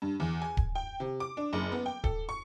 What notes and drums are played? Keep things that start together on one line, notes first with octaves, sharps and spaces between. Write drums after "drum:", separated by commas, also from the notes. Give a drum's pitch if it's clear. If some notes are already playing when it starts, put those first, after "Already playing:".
G2
E2
G#5
drum: kick D1
G5
C3
D6
D4
F#1
B3
G5
A4, drum: kick D1
C#6